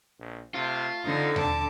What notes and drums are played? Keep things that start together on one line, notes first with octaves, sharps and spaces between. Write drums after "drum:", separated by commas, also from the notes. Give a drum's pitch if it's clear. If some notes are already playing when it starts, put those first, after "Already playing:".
A#1
C3 A3 F4
F2 D3 D#4 A#5
A5 D6, drum: tom D#2